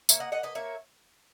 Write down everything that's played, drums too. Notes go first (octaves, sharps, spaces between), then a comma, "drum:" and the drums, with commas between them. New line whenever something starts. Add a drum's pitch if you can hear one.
A#3 C#5 E5, drum: tambourine
D#5 F#5
A#3 D#5 F#5
B4 D#5
A#3 C#5 E5